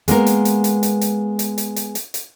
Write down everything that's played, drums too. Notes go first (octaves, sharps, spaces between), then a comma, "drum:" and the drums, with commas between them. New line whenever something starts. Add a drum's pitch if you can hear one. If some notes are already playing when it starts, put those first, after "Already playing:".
G#3 A#3 B3 A#4, drum: hi-hat
drum: hi-hat
drum: hi-hat
drum: hi-hat
drum: hi-hat
drum: hi-hat
drum: hi-hat
drum: hi-hat
drum: hi-hat
drum: hi-hat
drum: hi-hat